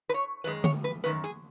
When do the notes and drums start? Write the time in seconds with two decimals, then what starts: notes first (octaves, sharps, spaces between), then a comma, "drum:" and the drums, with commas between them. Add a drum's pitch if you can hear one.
0.09 B4
0.14 C#5
0.44 F#2 D#3 G#3 B4
0.64 C#5, drum: tom D3
0.84 B4
1.04 F#2 D#3 B4, drum: hi-hat
1.24 G#4